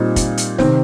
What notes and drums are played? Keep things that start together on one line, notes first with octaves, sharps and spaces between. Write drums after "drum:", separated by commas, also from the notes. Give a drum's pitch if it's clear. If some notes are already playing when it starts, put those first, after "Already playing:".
Already playing: A#2 G3 C4 D#4
drum: kick, hi-hat
drum: hi-hat
C3 D#3 C4, drum: snare